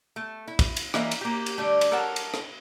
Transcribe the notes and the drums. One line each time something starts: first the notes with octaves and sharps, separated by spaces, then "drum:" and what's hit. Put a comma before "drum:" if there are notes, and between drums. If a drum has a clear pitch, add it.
A3
E4
drum: kick, cymbal
drum: cymbal
E3 A#3 A#4 D#5 E5, drum: rim click
drum: cymbal
A#3 G4
drum: cymbal
D3 G3 A3
drum: cymbal
A4 A#4 C#5 F#5 A5
drum: cymbal
drum: rim click